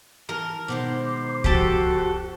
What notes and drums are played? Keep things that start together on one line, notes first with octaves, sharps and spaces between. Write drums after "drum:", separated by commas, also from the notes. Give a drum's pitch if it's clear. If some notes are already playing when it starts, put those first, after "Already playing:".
E3 A#4 A5
B2 D#3 G#3 C5 D6
F2 F3 F#4 G4 A4, drum: kick C2